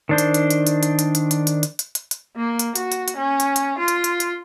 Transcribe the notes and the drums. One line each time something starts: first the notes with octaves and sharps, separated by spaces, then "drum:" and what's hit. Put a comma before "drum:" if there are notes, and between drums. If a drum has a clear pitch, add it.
D#3 D4 C5
drum: hi-hat
drum: hi-hat
drum: hi-hat
drum: hi-hat
drum: hi-hat
drum: hi-hat
drum: hi-hat
drum: hi-hat
drum: hi-hat
drum: hi-hat
drum: hi-hat
drum: hi-hat
drum: hi-hat
A#3
drum: hi-hat
F#4, drum: hi-hat
drum: hi-hat
drum: hi-hat
C#4
drum: hi-hat
drum: hi-hat
F4
drum: hi-hat
drum: hi-hat
drum: hi-hat